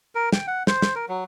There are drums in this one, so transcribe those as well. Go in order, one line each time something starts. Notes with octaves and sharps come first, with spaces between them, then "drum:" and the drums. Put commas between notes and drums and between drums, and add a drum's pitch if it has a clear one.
A#4
G5, drum: snare
F#5
C5, drum: snare
drum: snare
A#4
F#3